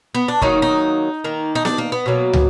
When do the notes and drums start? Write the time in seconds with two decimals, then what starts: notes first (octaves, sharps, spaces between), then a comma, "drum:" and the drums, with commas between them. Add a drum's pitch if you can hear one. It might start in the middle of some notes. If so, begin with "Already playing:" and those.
0.15 B3
0.28 D4
0.42 D#3 F#3 A#3 D#4, drum: kick
0.62 D#4
1.24 D#3 A#3
1.55 D#4
1.65 D4, drum: snare B3
1.78 A#3
1.92 B3
2.06 B2 F#3 A#3
2.33 drum: tom